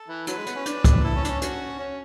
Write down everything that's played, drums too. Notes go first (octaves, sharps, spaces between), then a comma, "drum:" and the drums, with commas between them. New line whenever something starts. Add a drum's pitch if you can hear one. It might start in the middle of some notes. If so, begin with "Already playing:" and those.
Already playing: A4
E3
F#3 B4, drum: hi-hat
G#3
B3, drum: hi-hat
C#4
D4, drum: hi-hat
drum: kick, hi-hat
E4 A4
C#4
D4, drum: hi-hat
C#4
F#4, drum: hi-hat
C#4